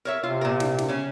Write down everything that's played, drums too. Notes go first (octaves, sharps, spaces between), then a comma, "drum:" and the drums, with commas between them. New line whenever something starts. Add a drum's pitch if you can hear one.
A#4 C#5 E5
C3 F4
A#2 A#4
drum: snare
drum: snare
C#3 C#4